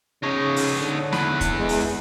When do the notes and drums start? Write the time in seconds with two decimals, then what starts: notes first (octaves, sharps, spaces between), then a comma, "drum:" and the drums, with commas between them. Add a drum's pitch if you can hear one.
0.23 C#3 D#4 C#5
0.56 drum: open hi-hat
0.79 D3
1.13 E2 B4, drum: snare
1.41 drum: kick, hi-hat
1.59 G#3
1.69 drum: open hi-hat